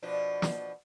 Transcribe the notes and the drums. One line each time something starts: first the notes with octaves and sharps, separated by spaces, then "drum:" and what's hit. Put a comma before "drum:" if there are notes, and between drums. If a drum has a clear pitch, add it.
B2 F3 D4
drum: snare